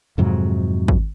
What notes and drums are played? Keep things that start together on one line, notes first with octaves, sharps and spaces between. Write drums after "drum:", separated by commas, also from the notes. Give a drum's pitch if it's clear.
F2 G#2 C3 F#3
drum: kick